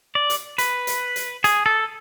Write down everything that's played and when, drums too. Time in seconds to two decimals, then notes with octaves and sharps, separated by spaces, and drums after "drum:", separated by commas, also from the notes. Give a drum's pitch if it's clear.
0.15 D5
0.30 drum: hi-hat
0.58 B4, drum: hi-hat
0.87 drum: hi-hat
1.16 drum: hi-hat
1.44 G#4, drum: hi-hat
1.66 A4